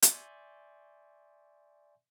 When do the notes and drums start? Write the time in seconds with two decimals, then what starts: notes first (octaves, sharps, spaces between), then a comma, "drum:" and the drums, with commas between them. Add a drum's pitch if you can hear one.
0.02 D5 E5 G#5 C6 C#6 G6, drum: hi-hat